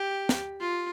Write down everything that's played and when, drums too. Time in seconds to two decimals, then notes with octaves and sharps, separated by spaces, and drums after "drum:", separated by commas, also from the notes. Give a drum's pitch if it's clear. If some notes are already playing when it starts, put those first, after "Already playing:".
Already playing: G4
0.29 drum: snare
0.60 F4